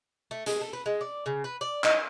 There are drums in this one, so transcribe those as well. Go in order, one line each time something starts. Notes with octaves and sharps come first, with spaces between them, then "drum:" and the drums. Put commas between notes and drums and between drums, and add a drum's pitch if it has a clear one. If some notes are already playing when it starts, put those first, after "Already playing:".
A3
G#3, drum: hi-hat
A4
B4
G#3
D5
C#3
B4
D5
D#4, drum: clap